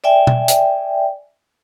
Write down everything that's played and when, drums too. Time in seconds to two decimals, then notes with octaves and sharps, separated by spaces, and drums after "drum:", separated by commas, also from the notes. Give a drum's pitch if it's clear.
0.04 D5 E5 G5 G#5
0.27 drum: tom
0.48 drum: hi-hat